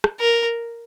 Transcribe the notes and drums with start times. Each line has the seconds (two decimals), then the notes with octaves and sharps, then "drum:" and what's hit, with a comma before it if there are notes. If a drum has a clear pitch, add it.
0.04 drum: rim click
0.20 A#4